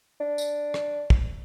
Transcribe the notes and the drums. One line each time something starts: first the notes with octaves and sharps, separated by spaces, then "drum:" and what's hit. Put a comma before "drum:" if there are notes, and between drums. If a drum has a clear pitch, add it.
D4
drum: tambourine
drum: rim click
drum: kick